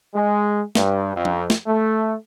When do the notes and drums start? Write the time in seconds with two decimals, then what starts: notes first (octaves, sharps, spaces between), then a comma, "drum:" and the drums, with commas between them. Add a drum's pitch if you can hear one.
0.14 G#3
0.75 G2, drum: snare
1.15 F2
1.25 drum: tom F3
1.50 drum: snare
1.66 A3